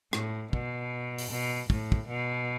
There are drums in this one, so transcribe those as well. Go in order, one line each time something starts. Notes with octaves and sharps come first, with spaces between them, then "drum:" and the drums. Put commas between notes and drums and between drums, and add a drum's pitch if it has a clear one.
A2, drum: rim click
B2, drum: kick
drum: open hi-hat
B2
A2, drum: kick
drum: kick
B2